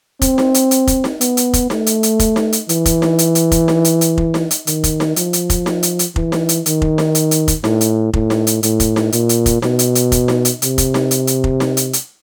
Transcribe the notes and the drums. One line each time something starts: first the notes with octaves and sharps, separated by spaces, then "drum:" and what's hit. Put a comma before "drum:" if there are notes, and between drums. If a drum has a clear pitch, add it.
C4, drum: kick F1, hi-hat
drum: snare D#4
drum: hi-hat
drum: hi-hat
drum: kick F1, hi-hat
drum: snare D#4
B3, drum: hi-hat
drum: hi-hat
drum: kick F1, hi-hat
A3, drum: snare D#4
drum: hi-hat
drum: hi-hat
drum: kick F1, hi-hat
drum: snare D#4
drum: hi-hat
E3, drum: hi-hat
drum: kick F1, hi-hat
drum: snare D#4
drum: hi-hat
drum: hi-hat
drum: kick F1, hi-hat
drum: snare D#4
drum: hi-hat
drum: hi-hat
drum: kick F1
drum: snare D#4
drum: hi-hat
D#3, drum: hi-hat
drum: kick F1, hi-hat
drum: snare D#4
F3, drum: hi-hat
drum: hi-hat
drum: kick F1, hi-hat
drum: snare D#4
drum: hi-hat
drum: hi-hat
E3, drum: kick F1
drum: snare D#4
drum: hi-hat
D#3, drum: hi-hat
drum: kick F1
drum: snare D#4
drum: hi-hat
drum: hi-hat
drum: kick F1, hi-hat
A2, drum: snare D#4
drum: hi-hat
A2, drum: kick F1
drum: snare D#4
drum: hi-hat
A2, drum: hi-hat
drum: kick F1, hi-hat
drum: snare D#4
A#2, drum: hi-hat
drum: hi-hat
drum: kick F1, hi-hat
B2, drum: snare D#4
drum: hi-hat
drum: hi-hat
drum: kick F1, hi-hat
drum: snare D#4
drum: hi-hat
C3, drum: hi-hat
drum: kick F1, hi-hat
drum: snare D#4
drum: hi-hat
drum: hi-hat
drum: kick F1
drum: snare D#4
drum: hi-hat
drum: hi-hat